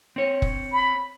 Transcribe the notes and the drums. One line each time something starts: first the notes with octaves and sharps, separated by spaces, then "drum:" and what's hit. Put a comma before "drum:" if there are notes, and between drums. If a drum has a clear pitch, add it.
C4 C#5
drum: kick F1
B5